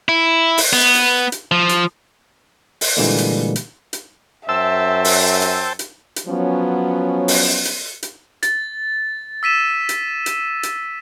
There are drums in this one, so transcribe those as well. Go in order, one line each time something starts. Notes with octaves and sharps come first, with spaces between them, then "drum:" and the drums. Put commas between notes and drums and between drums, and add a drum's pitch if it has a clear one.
E4
drum: open hi-hat
B3
drum: hi-hat
drum: hi-hat
F3
drum: hi-hat
drum: open hi-hat
A#2 D3 E3 G3 G#3 A#3
drum: hi-hat
drum: hi-hat
drum: hi-hat
F#2 C5 E5 G5 A5 E6
drum: open hi-hat
drum: hi-hat
drum: hi-hat
drum: hi-hat
F3 F#3 B3 C#4
drum: open hi-hat
drum: hi-hat
drum: hi-hat
A6, drum: hi-hat
E6 B6 D#7 E7
drum: hi-hat
drum: hi-hat
drum: hi-hat